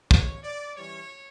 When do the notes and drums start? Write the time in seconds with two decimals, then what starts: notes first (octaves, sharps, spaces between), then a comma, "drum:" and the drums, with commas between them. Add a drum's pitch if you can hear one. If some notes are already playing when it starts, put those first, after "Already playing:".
0.11 B2 G3 A#3 C#4 C#5, drum: kick
0.44 D5
0.76 E3 G3 C#4 C#5